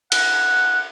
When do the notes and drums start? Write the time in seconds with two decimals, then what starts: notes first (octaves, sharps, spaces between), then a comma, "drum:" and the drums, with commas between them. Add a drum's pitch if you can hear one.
0.12 F#5, drum: cymbal